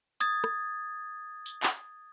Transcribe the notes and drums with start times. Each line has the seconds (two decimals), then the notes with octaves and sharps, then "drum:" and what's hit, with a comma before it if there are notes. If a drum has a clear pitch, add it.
0.20 D#6 G#6 A6, drum: hi-hat
0.44 drum: rim click
1.46 drum: tambourine
1.63 drum: clap